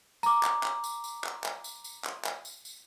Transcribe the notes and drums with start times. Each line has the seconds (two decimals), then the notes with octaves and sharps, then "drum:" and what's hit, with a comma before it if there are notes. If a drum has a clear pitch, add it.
0.23 A#5 D6, drum: tambourine
0.43 drum: clap
0.63 drum: clap
0.84 drum: tambourine
1.04 drum: tambourine
1.24 drum: clap
1.44 drum: clap
1.64 drum: tambourine
1.84 drum: tambourine
2.05 drum: clap
2.25 drum: clap
2.45 drum: tambourine
2.65 drum: tambourine